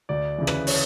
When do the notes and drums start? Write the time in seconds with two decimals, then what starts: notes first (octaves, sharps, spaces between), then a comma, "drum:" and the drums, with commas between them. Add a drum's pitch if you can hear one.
0.09 D2 D5
0.38 C#3 E3
0.47 B4, drum: rim click
0.67 C#5, drum: open hi-hat